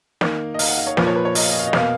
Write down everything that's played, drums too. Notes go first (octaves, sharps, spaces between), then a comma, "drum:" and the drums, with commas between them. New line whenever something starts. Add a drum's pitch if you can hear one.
D#3 A#3, drum: snare
D#5
F5, drum: open hi-hat
F#5
F5
C#5
A#2 F3 A#3 B4, drum: snare
C#5
B4
C#5
D#5, drum: open hi-hat
F5
D#5
F5
D#5
B2 A#3 F5, drum: snare